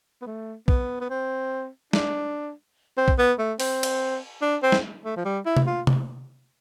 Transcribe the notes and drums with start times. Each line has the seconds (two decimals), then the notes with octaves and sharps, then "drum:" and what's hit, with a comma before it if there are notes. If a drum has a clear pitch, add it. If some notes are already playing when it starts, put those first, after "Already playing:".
0.22 B3
0.26 A3
0.68 B3, drum: kick
1.01 B3
1.10 C4
1.93 D4, drum: snare
2.98 C4
3.08 drum: kick
3.18 B3
3.39 A3
3.60 C4, drum: open hi-hat
3.83 drum: cymbal
4.42 D4
4.63 C4
4.72 drum: snare
5.05 A3
5.17 F3
5.25 G3
5.46 E4
5.57 drum: tom C3
5.67 F4
5.87 drum: tom C3